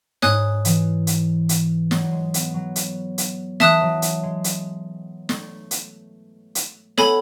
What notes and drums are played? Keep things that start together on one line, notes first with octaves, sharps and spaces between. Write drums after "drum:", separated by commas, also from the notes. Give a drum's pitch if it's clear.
G#2 C#5 G#5 D#6 F#6, drum: snare
E3, drum: hi-hat
drum: hi-hat
drum: hi-hat
F#3, drum: snare
G#3
B3, drum: hi-hat
F#3
drum: hi-hat
drum: hi-hat
E3 E5 A5 D#6 F#6, drum: snare
F#3
drum: hi-hat
G#3
drum: hi-hat
A3, drum: snare
drum: hi-hat
drum: hi-hat
B3 A4 C#5 G#5 B5, drum: snare